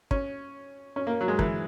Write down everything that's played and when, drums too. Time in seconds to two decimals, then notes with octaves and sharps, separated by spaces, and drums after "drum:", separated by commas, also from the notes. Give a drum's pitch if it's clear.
0.11 C#4, drum: kick
0.96 C#4
1.07 A#3
1.21 F#3
1.28 G#3
1.39 E3, drum: kick